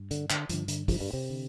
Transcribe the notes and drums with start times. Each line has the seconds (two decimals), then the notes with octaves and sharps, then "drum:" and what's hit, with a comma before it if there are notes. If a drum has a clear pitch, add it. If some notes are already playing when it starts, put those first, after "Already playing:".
Already playing: G2
0.11 D3, drum: hi-hat
0.30 D3, drum: clap
0.49 G2 D3 F3, drum: hi-hat
0.68 D3, drum: hi-hat
0.88 F3, drum: kick, open hi-hat
1.00 G2 G3
1.13 C3 C4
1.30 D3